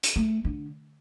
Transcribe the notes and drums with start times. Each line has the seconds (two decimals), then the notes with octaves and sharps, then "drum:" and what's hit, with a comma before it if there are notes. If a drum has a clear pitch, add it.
0.03 drum: hi-hat
0.16 A3
0.45 D3